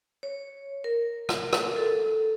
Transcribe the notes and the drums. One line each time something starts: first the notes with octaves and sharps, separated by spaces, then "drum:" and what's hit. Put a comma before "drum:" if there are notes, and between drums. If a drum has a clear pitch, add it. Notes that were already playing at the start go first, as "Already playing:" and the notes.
C#5
A#4
drum: rim click
drum: rim click
A4